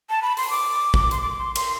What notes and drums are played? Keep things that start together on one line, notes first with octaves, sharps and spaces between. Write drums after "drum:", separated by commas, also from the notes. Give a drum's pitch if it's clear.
A5
B5
C6, drum: open hi-hat
D6
drum: kick
C6, drum: hi-hat
D6
C6
C6, drum: cymbal